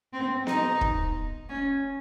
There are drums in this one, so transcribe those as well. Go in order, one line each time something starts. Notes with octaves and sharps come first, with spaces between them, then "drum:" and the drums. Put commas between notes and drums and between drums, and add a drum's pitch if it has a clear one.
C4
D#4, drum: snare B3
drum: kick
C#4